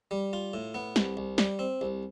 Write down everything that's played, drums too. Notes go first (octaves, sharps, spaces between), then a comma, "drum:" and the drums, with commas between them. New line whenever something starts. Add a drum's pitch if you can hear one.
G3
F4
A2
B3
C2, drum: snare
C2
G3, drum: snare
C4
C2